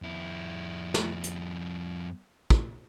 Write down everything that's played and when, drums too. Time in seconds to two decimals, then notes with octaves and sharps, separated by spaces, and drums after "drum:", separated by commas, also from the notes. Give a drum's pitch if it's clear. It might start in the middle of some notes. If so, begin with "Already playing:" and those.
0.02 F2 E4
0.94 drum: snare
1.24 drum: hi-hat
2.50 drum: kick